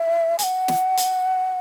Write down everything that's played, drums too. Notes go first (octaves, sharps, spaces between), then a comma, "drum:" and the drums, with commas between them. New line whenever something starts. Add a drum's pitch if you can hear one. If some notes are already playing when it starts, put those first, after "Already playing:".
Already playing: E5
G#5, drum: hi-hat
F#5
drum: snare
drum: hi-hat